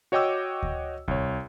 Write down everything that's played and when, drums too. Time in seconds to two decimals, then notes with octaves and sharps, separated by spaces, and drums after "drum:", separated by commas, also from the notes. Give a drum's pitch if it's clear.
0.12 F#4 C#5 D#5 G5 D6 E6
0.63 drum: kick D2
1.08 C2 C#5, drum: kick D2